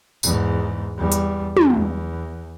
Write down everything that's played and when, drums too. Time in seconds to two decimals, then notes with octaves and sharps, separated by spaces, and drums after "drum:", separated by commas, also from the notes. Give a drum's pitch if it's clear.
0.23 E2 G#2, drum: tambourine
0.98 E2 G3
1.12 drum: hi-hat
1.57 drum: tom
1.72 E2